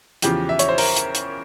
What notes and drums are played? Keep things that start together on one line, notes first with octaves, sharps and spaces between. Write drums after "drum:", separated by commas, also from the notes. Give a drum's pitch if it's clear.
E2 C#3 F3 G4, drum: hi-hat
E5
C#5, drum: hi-hat
C5
A#4, drum: open hi-hat
drum: hi-hat
drum: hi-hat